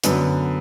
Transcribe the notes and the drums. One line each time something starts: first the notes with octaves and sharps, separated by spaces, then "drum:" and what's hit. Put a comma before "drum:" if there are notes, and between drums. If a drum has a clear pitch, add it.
F#2 D3 B3, drum: hi-hat